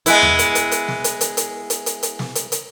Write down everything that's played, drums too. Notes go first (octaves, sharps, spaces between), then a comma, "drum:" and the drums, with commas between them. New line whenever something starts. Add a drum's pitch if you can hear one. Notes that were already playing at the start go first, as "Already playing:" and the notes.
G#3 B3 E4, drum: hi-hat
drum: tom E2
drum: hi-hat
drum: hi-hat
drum: hi-hat
drum: snare
drum: hi-hat
drum: hi-hat
drum: hi-hat
drum: hi-hat
drum: hi-hat
drum: hi-hat
drum: snare
drum: hi-hat
drum: hi-hat